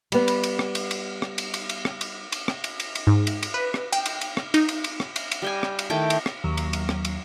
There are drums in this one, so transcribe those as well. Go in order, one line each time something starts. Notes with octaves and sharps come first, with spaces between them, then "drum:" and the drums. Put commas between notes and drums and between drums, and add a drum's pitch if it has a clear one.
G3 B3, drum: cymbal
drum: cymbal
drum: cymbal
drum: rim click
drum: cymbal
drum: cymbal
drum: rim click
drum: cymbal
drum: cymbal
drum: cymbal
drum: rim click
drum: cymbal
drum: cymbal
drum: rim click
drum: cymbal
drum: cymbal
drum: cymbal
G#2
drum: cymbal
drum: cymbal
B4
drum: rim click
G5, drum: cymbal
drum: cymbal
drum: cymbal
drum: rim click
D#4, drum: cymbal
drum: cymbal
drum: cymbal
drum: rim click
drum: cymbal
drum: cymbal
G3 G5 G#5
drum: rim click
drum: cymbal
D#3 A3 E4 G5
drum: cymbal
drum: rim click
D#2 F#3
drum: cymbal
drum: cymbal
drum: rim click
drum: cymbal